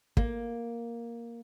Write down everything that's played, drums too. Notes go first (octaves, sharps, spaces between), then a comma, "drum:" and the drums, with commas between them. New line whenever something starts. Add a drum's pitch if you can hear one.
A#3, drum: kick